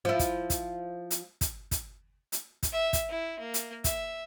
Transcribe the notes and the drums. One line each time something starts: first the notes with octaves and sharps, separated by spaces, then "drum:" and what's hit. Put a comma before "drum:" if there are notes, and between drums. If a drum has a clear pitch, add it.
F3 E4
drum: kick, hi-hat
drum: kick, hi-hat
drum: hi-hat
drum: kick, hi-hat
drum: kick, hi-hat
drum: hi-hat
drum: kick, hi-hat
E5
drum: kick, hi-hat
E4
A#3
drum: hi-hat
E5, drum: kick, hi-hat